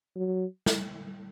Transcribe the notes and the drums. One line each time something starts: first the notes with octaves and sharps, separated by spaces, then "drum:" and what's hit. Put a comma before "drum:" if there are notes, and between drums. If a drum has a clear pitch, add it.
F#3
drum: snare